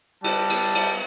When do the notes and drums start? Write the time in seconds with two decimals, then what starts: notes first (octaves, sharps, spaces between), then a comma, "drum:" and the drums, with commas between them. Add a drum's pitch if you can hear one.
0.24 G3 A5, drum: cymbal
0.49 drum: cymbal
0.75 drum: cymbal